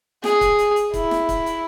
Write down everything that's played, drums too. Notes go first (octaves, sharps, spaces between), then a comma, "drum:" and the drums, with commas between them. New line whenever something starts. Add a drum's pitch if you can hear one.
G#4, drum: snare
drum: kick C#1, hi-hat
drum: hi-hat
drum: hi-hat
E4, drum: kick C#1, hi-hat
drum: snare
drum: kick C#1, hi-hat
drum: hi-hat